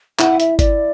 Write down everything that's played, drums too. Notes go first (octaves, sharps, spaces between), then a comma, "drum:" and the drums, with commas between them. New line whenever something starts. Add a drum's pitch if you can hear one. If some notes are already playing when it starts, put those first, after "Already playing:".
E4 F#5, drum: clap
E5, drum: hi-hat
D5, drum: kick, hi-hat